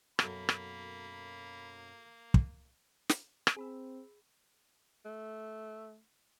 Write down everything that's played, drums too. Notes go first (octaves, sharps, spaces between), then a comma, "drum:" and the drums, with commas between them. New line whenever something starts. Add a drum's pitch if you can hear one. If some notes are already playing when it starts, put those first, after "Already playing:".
F#2 B2 A#3 F#4 A4 A#4 B5, drum: rim click
drum: rim click
drum: kick
drum: snare
drum: rim click
C4 G#4 B5 E6
A3